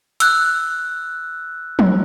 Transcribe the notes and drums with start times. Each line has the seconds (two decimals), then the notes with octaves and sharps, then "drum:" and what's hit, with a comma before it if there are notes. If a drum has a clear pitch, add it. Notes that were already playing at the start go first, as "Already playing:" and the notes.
0.20 E6 F#6, drum: hi-hat
1.79 drum: tom F3